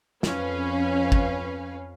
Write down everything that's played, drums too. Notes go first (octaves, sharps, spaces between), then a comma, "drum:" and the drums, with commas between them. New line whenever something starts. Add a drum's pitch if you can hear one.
F2 C#4 B4 F5, drum: snare
drum: kick